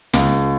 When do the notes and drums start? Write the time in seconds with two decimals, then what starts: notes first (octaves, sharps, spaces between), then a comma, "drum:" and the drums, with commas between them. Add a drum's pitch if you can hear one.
0.13 C#2, drum: snare